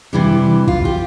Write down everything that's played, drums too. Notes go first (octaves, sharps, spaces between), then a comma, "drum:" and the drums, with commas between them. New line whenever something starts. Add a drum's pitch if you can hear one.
C3 E3 G3 D4
F4, drum: kick B1
G4